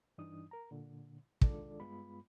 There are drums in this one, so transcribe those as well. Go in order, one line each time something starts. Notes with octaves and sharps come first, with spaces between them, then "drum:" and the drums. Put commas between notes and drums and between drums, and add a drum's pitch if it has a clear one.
G2 E3 D4 D#4 D#6
A#4 A#5
A#2 D3
D#3 G#3 D4 F4 A4 D5, drum: kick
G2 G#3 B3 F4 B5